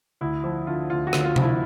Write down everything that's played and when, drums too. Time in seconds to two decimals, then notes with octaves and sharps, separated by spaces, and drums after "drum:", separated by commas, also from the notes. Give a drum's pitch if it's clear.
0.21 D2 E4
0.44 F3 E4
0.67 D3 F4
0.90 D2 F4
1.07 F#4
1.13 D2, drum: rim click
1.24 F4
1.36 F3, drum: tom C3
1.42 E4